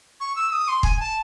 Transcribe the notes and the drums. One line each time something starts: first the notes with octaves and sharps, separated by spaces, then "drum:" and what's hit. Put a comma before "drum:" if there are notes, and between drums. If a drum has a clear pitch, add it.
C#6
E6
D#6
C6
G#5, drum: kick
A5